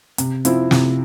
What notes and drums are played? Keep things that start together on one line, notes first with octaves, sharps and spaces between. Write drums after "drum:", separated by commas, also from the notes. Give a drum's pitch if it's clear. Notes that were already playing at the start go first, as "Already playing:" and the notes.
C3, drum: hi-hat
F3 C4 E4, drum: hi-hat
C3, drum: snare